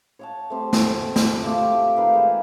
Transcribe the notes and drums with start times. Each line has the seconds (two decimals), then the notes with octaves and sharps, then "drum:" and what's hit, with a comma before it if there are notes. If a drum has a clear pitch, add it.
0.19 C#5 F#5 A5
0.50 A3 C4 G4
0.73 F#4, drum: snare
1.16 drum: snare
1.44 A3 F4 G4 E5
1.97 D#3 B4 F5
2.14 G#3 A#3 E5